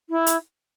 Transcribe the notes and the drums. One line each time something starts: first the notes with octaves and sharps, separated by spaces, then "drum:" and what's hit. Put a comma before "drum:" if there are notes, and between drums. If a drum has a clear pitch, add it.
E4
drum: hi-hat